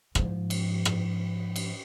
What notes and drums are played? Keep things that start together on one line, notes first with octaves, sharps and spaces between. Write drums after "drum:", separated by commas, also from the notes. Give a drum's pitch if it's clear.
G#2 F3, drum: rim click
drum: cymbal
drum: rim click
drum: cymbal